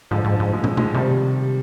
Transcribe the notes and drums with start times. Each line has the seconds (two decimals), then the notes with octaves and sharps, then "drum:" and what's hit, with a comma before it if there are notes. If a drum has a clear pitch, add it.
0.11 G#2 D3 F3
0.24 G#2
0.40 G#2
0.53 G#3
0.64 drum: tom
0.77 F3 G#3, drum: tom
0.94 C3 D#3 G3